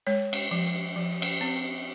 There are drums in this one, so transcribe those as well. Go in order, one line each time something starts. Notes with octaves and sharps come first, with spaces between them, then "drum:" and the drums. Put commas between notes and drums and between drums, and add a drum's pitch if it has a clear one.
G#3 C#5
drum: cymbal
F3
F3
drum: cymbal
C4